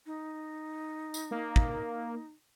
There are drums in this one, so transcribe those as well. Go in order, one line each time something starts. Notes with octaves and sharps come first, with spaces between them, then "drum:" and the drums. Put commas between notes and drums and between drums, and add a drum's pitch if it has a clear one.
D#4
drum: tambourine
A#3
drum: kick